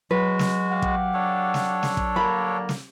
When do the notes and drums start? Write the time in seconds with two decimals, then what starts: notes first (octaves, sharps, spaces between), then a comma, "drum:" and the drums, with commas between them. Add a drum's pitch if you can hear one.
0.11 F#3 G#3 F#4 B4
0.39 drum: snare
0.72 G4 F5 F#5
0.82 drum: kick
1.14 D4 A4 C#5
1.54 drum: snare
1.83 drum: snare
1.97 drum: kick
2.16 D3 G3 A#3 B5
2.69 drum: snare